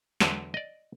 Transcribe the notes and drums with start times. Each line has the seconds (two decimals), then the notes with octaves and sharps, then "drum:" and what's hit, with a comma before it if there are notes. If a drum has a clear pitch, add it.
0.20 E2 D3 F#3 G#3, drum: snare
0.54 D5 D#5